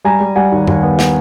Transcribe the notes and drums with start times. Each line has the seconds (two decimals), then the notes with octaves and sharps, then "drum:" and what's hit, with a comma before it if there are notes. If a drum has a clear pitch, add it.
0.05 G3 G#5 A#5
0.20 G3
0.36 G3 F#5 G#5
0.52 D#2
0.67 D#2, drum: tom F#2
0.83 B3
0.99 B3, drum: snare